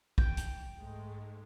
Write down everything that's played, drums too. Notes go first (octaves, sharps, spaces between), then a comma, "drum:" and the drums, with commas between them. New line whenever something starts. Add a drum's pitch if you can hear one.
G5, drum: kick
drum: hi-hat
G#2 G#3 A3